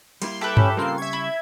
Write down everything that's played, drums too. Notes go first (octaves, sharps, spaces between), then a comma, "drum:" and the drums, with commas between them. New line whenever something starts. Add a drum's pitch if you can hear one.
G3 A#3 E4 C6, drum: cymbal
G4 A4 B4 E5 G5
C#4 B5, drum: tom G2
C#3 G3 A#3 C4 F4 A#4 C7
E5 C#6 G#6
E4